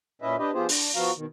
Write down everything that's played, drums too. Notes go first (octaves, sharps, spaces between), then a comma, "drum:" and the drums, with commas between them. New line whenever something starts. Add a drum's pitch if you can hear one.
A#2 C#4 E4 B4 D#5 E5
D4 G4 B4 D#5
F3 B3 F4 G4 G#4 C5
D4, drum: open hi-hat
F3 B3 F#4 F5 A#5
B2 D#3